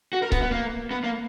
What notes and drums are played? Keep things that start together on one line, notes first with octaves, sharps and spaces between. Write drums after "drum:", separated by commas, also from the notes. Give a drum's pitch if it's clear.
F#4
A#4
B3, drum: kick C#1
B3
A#3
B3
A#3